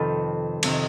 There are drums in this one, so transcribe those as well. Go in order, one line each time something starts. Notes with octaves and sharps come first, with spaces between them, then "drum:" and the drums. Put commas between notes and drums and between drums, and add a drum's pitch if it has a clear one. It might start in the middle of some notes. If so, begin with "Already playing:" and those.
Already playing: F2 C3 D#3 A4 B4
F2 C3 D#3, drum: cymbal